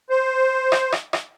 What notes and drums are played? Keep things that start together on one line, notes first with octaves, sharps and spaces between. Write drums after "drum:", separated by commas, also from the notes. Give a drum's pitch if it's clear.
C5
drum: rim click
drum: rim click
drum: rim click